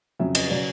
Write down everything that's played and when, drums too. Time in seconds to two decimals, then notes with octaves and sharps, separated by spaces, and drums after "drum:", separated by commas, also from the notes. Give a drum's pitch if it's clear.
0.19 F2 C#3 F#3 E5
0.35 D#5, drum: cymbal
0.50 C#3 F#3 D5